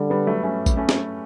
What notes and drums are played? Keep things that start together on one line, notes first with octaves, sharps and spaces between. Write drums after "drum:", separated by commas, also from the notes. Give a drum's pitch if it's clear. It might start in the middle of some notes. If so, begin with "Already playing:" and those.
Already playing: D3 G3
G3 B3
F#3 A3
A3 C#4
drum: kick, tambourine
A3 C#4
drum: snare